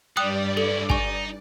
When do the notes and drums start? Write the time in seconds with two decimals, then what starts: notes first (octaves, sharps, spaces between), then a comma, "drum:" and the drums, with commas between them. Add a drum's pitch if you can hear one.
0.17 G2 G3 D5 G5 D#6 F#6
0.57 C#4 E4 A4 G7
0.90 D#4 G#5 C#6, drum: kick